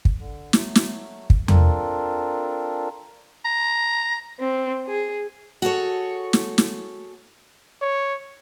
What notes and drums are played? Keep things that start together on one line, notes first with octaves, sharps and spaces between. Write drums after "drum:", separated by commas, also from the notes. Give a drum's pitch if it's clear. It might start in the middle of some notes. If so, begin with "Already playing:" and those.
drum: kick
D3
F#3 A3, drum: snare
drum: snare
drum: kick
C4 D4 F4 A4 A#4, drum: tom E2
A#5
C4
G#4
F#4 G#4 A4 C#5
drum: snare
drum: snare
C#5